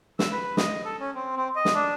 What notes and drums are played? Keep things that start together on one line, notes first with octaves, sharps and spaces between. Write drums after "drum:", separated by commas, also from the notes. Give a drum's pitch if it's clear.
E6, drum: snare
B4
D#5, drum: snare
A4
C#4
C4
C4
D#5
drum: snare
D4